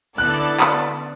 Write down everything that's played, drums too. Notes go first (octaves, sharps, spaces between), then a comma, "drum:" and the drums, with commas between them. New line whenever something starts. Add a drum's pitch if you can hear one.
D3 B3 E4 A4 D5 F#6
drum: clap